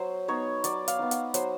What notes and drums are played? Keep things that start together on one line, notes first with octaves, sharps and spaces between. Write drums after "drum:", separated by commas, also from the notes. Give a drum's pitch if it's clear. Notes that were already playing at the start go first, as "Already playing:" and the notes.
Already playing: F#3 C5
B3 D#4 C#5
F#3 D5, drum: hi-hat
F5, drum: hi-hat
B3 D#4
F#5, drum: hi-hat
F#3 C5, drum: hi-hat